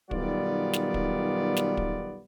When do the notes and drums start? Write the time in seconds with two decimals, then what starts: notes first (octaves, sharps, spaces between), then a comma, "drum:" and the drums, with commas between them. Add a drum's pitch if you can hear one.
0.11 B1 D#3 G3 B3 F4 D5, drum: kick
0.73 drum: snare
0.94 drum: kick
1.57 drum: snare
1.77 drum: kick